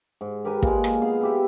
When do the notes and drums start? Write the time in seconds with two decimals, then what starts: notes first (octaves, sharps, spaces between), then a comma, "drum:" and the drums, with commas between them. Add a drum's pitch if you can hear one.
0.21 G#2
0.45 G4 A#4 B4 G#5
0.62 A#2 G#3, drum: kick
0.84 drum: rim click
1.01 B3 G#4 F5
1.21 E4 G4 E5